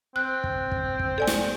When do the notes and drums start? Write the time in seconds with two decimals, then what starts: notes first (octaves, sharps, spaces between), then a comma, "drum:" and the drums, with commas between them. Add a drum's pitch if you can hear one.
0.16 C4 F#6
0.44 drum: kick
0.72 drum: kick
0.99 drum: kick
1.18 A4 D5 G#5
1.27 drum: snare